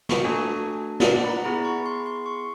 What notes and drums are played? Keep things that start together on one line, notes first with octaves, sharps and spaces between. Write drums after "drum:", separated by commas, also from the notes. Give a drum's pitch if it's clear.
C#6, drum: snare
A3 D4 F#4 A4 G#5
D5, drum: snare
F#5
B5
A#5
B3 E4 G#4 B5
C#6
C6
C6
C#6